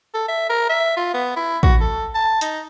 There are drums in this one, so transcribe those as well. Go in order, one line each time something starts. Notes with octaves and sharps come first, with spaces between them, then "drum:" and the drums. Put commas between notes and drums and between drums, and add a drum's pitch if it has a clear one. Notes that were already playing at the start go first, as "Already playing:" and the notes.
A4
E5
A#4
E5
F4
B3
E4
F#4, drum: kick
A4
A5
D#4, drum: hi-hat